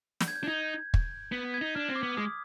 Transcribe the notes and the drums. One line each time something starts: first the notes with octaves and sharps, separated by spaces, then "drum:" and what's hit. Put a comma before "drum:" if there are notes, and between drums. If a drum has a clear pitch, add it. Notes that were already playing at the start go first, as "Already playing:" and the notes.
G6, drum: snare
G#6
G6
D4
D#4 G#6
drum: kick
B3 B6
G#6
D#4
D4 F6
C4
D6
B3
G#3 D#6